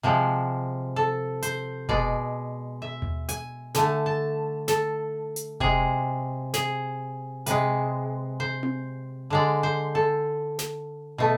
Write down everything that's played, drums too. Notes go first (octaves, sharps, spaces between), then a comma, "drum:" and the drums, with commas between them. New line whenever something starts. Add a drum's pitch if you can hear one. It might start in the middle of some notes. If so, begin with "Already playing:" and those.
C3 F3 G#3
A4
C5, drum: hi-hat
B2 G#3 D5, drum: kick F1
E5
drum: tom D#2
G#5, drum: hi-hat
D3 A3 G#5, drum: snare
A5
A4, drum: snare
drum: hi-hat
C3 G#3 G#4, drum: kick F1
G#4, drum: snare
C3 G#3 B4, drum: hi-hat
C5
drum: tom C4
D3 G#3 D5
C5
A4
drum: snare
B2 A3